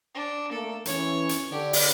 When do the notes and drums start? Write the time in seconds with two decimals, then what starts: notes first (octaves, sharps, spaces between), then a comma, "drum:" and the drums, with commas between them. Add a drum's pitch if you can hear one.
0.15 D4
0.52 A3 A#3 A4
0.85 E3 C#4 C#5, drum: hi-hat
1.29 drum: hi-hat
1.51 D3 G4
1.73 drum: open hi-hat